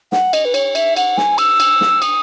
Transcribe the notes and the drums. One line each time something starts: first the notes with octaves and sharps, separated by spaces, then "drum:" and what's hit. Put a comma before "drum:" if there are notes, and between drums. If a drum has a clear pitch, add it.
F#5, drum: snare
D#5, drum: cymbal
B4
C#5, drum: cymbal
E5, drum: cymbal
F#5, drum: cymbal
G#5, drum: snare
E6, drum: cymbal
drum: cymbal
drum: snare
D#6, drum: cymbal